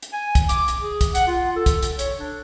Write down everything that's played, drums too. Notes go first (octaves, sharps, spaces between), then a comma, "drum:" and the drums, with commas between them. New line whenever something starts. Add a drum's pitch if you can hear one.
drum: hi-hat
G#5
drum: kick, hi-hat
D6, drum: hi-hat
drum: hi-hat
G#4
drum: kick, hi-hat
F#5, drum: hi-hat
F4
A4
drum: kick, hi-hat
drum: hi-hat
C#5, drum: hi-hat
D4